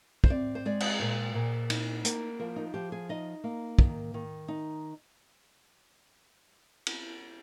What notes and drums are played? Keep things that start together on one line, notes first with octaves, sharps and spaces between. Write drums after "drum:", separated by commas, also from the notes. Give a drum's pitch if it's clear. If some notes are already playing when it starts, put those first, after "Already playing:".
C5, drum: kick
C4 D5
C5
G#3 D5
drum: cymbal
A#2 C5
A#2
D#4, drum: cymbal
A#3, drum: hi-hat
F3 A#4
D#4
F3 G4
G#4
D#4 D#5
A#3
D#3, drum: kick
D#3
D#4
drum: cymbal